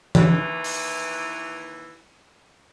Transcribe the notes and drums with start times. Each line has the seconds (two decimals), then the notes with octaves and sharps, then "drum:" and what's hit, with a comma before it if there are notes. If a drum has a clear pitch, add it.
0.15 D#2 E3, drum: tom E3
0.64 drum: open hi-hat